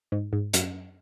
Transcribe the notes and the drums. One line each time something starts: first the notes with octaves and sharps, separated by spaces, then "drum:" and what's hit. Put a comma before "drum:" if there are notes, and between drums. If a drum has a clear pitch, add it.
G#2
G#2
F#2, drum: hi-hat